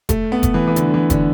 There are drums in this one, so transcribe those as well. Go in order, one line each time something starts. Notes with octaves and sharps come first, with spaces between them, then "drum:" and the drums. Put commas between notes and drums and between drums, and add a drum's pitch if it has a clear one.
A3, drum: kick F1, hi-hat
B3
drum: kick F1, hi-hat
E3
E3
D3, drum: hi-hat
D3
E3
D3, drum: kick F1, hi-hat